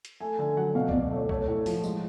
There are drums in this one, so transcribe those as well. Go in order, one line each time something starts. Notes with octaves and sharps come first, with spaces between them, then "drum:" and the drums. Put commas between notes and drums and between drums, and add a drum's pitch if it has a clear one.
drum: hi-hat
A3 G#5
D3 G#5
F#3 F#5
B2 F5
B2 D5, drum: kick C2
D5
A3 C#5
A3 C#5, drum: kick C2
A2
F3, drum: open hi-hat
G#3, drum: tambourine